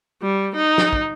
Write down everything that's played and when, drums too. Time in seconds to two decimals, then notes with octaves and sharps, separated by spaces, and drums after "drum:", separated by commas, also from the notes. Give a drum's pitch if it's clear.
0.22 G3
0.56 D#4
0.78 drum: snare
0.93 drum: kick